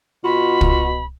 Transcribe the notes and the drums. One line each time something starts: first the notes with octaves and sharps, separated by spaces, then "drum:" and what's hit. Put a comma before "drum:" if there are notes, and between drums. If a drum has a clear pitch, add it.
B2 F4 F#4 B5
drum: kick